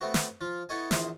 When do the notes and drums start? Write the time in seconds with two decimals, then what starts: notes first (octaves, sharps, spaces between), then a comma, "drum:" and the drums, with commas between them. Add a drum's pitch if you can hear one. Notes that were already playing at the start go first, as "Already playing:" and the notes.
0.01 A3 B3 C4 F#4
0.14 drum: snare
0.41 F3 F4
0.69 B3 E4 A4 C#5 D#5 G#5
0.91 A#1 E2 C5 E5 D#6, drum: snare